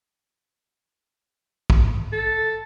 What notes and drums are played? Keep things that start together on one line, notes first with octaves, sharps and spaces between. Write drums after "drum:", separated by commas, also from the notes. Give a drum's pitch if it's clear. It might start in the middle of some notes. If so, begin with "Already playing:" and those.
drum: kick
A4